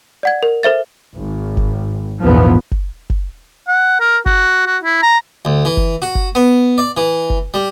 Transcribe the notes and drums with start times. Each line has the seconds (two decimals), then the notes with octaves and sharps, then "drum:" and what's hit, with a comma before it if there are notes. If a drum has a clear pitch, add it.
0.23 D5 F#5 G#6
0.43 A#4
0.63 A4 C5 E5 A6
1.15 G#1
1.57 drum: kick F#1
2.21 A#1 E2 G#2 F3 B3
2.71 drum: kick F#1
3.10 drum: kick F#1
3.68 F#5
4.00 A#4
4.26 F#4, drum: kick F#1
4.66 F#4
4.83 E4
5.02 A#5
5.45 D2
5.65 E3
5.77 drum: kick F#1
6.02 F#4
6.15 drum: kick F#1
6.35 B3
6.78 D5
6.97 E3
7.30 drum: kick F#1
7.54 G3